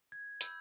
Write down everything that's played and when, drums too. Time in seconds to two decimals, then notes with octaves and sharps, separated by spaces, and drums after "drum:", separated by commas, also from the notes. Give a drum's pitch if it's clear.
0.12 G#6
0.41 B5 E6 G6, drum: hi-hat